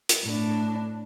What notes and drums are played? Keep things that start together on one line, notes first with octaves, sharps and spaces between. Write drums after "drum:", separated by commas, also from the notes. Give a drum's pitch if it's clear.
drum: hi-hat
A2 D4